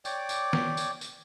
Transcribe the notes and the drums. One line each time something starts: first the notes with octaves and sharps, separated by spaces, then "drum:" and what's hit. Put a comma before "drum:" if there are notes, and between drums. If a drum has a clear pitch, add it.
C#5 D5 G5 D6, drum: tambourine
drum: tambourine
drum: snare
drum: tambourine
drum: tambourine